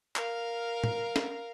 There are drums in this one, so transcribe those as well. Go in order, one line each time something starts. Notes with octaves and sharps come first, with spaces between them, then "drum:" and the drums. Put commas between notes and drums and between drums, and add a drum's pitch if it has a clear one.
A#4 F5, drum: clap
drum: tom
drum: snare